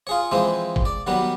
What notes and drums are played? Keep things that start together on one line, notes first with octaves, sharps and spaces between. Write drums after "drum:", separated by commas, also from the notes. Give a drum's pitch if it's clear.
F4 G#4 C#5
E3 F3 G#3 C4
drum: kick
D5
D#3 F#3 G3 B3